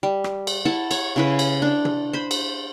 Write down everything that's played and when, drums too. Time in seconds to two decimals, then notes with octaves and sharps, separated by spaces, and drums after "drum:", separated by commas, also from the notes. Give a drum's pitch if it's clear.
0.03 G3
0.24 drum: rim click
0.47 drum: cymbal
0.65 E4 F#5 A5
0.91 C#5, drum: cymbal
1.16 C#3 E4 B4
1.39 drum: cymbal
1.62 D4
1.85 drum: tom
2.13 C5 B5
2.31 drum: cymbal